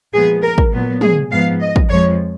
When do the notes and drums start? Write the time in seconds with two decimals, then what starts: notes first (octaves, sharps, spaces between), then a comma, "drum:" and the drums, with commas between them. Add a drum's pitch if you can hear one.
0.13 A#2 F3 G#3 B3 G#4
0.42 A#4
0.58 drum: kick
0.72 A#2 F#3 B3
1.01 G#4, drum: tom
1.31 G#2 F3 B3 F5
1.61 D#5
1.76 drum: kick
1.89 F2 F3 G#3 C#5